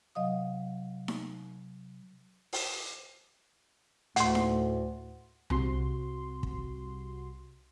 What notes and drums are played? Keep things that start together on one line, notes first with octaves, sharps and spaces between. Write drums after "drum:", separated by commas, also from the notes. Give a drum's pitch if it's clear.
C3 F#3 D#5 F5 D#6
drum: snare D#4
drum: open hi-hat
D2 A2 F#5 C6, drum: hi-hat
drum: snare D#4
C2 C3 F#4 C6, drum: tom C2
drum: kick